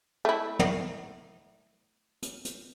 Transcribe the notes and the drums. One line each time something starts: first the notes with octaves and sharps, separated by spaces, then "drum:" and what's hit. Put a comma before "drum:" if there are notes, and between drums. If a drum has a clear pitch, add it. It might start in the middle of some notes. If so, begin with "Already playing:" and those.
A3 E4
drum: tom
drum: hi-hat
drum: hi-hat